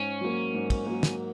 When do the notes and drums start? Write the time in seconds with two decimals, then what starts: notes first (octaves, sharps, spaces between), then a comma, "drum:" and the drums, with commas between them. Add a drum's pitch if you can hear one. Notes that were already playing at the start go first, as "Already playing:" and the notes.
Already playing: G#2 C#4
0.21 F#3 A#3
0.54 G#2
0.70 drum: kick, cymbal
0.86 F#3 A#3
1.03 drum: snare